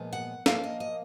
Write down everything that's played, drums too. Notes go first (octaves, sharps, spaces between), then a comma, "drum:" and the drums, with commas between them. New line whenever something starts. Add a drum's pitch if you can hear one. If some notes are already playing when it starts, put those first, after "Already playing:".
Already playing: A#2 F3 G#3 B3
F#5
A#2 F3 A#3 F5, drum: snare
D#5
D#5